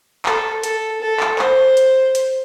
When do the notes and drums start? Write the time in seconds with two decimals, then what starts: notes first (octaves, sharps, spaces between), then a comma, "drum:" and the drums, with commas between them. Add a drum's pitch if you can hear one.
0.26 A4, drum: clap
0.63 A4, drum: hi-hat
1.01 A4
1.20 drum: clap
1.39 C5, drum: clap
1.77 drum: hi-hat
2.15 drum: hi-hat